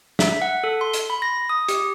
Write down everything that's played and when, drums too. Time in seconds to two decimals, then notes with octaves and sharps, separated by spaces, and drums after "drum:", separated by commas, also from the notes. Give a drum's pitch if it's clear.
0.19 E5, drum: snare
0.42 F#5
0.64 A4
0.81 C6
0.93 drum: hi-hat
1.10 B5
1.22 A#6
1.49 D#6
1.69 G4, drum: hi-hat